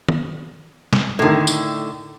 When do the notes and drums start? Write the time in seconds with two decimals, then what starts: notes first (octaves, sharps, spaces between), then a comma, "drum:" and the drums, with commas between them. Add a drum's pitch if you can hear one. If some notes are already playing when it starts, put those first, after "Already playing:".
0.08 drum: tom
0.93 drum: snare
1.19 A2 D3 D#3 A3
1.47 drum: tambourine